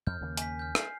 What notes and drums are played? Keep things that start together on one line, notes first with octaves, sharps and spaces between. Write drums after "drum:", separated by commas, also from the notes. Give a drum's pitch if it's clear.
F2 F6 G6
D#2 C#3 A#3
G#5 B6, drum: hi-hat
F6 G6
C7, drum: rim click